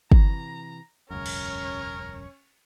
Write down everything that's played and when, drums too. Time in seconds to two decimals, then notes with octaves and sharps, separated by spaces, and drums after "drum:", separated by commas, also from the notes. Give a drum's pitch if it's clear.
0.12 C3 E3 A#5, drum: kick
1.11 E1 C#2 F#2 C#4 A#4 C#5
1.26 drum: cymbal